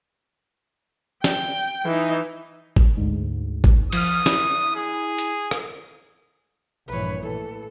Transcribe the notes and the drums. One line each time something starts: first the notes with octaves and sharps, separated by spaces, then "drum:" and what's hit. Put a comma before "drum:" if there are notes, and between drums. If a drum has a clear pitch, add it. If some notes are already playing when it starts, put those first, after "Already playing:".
G5, drum: snare
E3 D#4
drum: kick
D2 G#2
drum: kick
F3 D#6 F6, drum: cymbal
E4, drum: snare
G#4
drum: hi-hat
drum: rim click
A#1 G2 E3 B4 C#5
A2 E3 A4